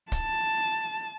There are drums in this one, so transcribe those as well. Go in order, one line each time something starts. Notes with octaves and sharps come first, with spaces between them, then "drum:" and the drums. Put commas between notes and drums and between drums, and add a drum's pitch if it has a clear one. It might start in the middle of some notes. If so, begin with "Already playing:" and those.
A5, drum: kick, hi-hat